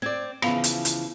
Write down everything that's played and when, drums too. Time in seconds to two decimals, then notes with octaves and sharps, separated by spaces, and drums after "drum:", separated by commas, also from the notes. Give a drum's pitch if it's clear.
0.02 C4 D5 G#6
0.42 C#3 E3 F3 B3 F5, drum: rim click
0.64 drum: hi-hat
0.85 drum: hi-hat